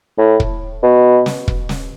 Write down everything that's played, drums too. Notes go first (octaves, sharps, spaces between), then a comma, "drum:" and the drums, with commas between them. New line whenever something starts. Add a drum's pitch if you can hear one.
A2
drum: kick
B2
drum: snare
drum: kick
drum: snare